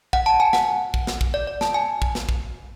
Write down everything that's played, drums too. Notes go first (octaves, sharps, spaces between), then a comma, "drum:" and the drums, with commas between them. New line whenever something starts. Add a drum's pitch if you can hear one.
F#5, drum: kick
A5
G#5
F#5, drum: snare
drum: kick
drum: snare
drum: kick
D5
D5
A5, drum: snare
G#5
drum: kick
drum: snare
drum: kick